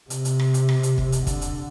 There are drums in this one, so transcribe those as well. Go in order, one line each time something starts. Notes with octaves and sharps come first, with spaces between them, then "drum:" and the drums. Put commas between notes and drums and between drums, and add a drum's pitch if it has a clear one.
C3, drum: hi-hat
drum: hi-hat
drum: rim click
drum: hi-hat
drum: rim click
drum: hi-hat
drum: kick
drum: hi-hat
D3, drum: kick, hi-hat
drum: hi-hat